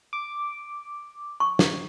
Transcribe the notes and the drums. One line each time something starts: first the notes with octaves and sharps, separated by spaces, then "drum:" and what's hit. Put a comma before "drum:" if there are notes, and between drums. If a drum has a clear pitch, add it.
D6
C#6
drum: snare